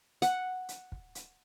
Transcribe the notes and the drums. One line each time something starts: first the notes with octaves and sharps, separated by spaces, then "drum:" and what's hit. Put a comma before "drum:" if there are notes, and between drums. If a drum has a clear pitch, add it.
F#5, drum: hi-hat
drum: hi-hat
drum: kick
drum: hi-hat